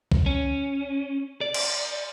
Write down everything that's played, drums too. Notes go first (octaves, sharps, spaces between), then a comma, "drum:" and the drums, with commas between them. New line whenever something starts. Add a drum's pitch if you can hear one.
drum: kick
C#4
D5
drum: cymbal